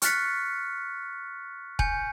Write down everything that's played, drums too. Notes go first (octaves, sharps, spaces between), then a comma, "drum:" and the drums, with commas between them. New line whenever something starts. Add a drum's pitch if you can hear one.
C#6 F6 F#6 A6 B6 C#7, drum: hi-hat
G#5 G6 C#7, drum: kick E1